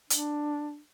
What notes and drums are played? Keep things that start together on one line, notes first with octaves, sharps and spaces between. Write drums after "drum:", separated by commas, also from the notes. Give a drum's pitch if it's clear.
D4, drum: hi-hat